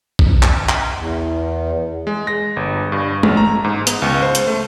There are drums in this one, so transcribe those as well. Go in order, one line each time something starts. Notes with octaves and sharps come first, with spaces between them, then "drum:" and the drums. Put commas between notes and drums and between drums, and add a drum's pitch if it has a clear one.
drum: kick A#1
drum: clap
drum: clap
E2
G#3
A#6
G1
G2
A1, drum: tom G#3
A#5
G#2
B3, drum: hi-hat
C#2
C5
drum: hi-hat
A3